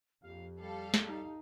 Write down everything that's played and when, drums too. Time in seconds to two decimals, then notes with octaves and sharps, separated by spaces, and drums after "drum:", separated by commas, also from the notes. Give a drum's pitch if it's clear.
0.23 A#1 F2 G4 F5
0.61 G3 A4 F5
0.94 drum: snare
1.07 D#4